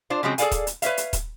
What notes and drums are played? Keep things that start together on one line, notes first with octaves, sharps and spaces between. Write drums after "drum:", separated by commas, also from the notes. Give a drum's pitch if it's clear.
D4 F4 C5
C#3 F3 F#3 G#3 C4
G#4 A4 B4 D5 F5 G#5, drum: hi-hat
drum: kick D#1, hi-hat
drum: hi-hat
B4 C#5 E5 F5, drum: hi-hat
drum: hi-hat
drum: kick D#1, hi-hat